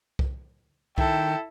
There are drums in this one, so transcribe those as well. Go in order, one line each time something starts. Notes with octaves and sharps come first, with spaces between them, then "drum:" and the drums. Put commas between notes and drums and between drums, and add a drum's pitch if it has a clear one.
drum: kick C2
D#3 E4 A4 G5, drum: kick C2